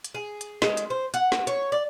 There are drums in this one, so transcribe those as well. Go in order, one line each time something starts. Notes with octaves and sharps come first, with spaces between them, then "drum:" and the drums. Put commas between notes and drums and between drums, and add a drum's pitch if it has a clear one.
drum: hi-hat
G#4
drum: hi-hat
G#3, drum: snare
drum: hi-hat
C5
F#5, drum: hi-hat
drum: snare
C#5, drum: hi-hat
D5